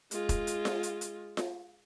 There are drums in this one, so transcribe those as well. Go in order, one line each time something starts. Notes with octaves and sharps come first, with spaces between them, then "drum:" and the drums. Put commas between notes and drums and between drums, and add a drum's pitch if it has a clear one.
G#3 F4, drum: hi-hat
drum: kick E1, hi-hat
drum: hi-hat
drum: snare F4
drum: hi-hat
drum: hi-hat
drum: snare F4